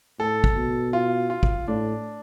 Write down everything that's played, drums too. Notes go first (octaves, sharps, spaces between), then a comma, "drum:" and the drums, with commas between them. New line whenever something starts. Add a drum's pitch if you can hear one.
A2 A4
drum: kick
B2
F4
F4
drum: kick
A2 D4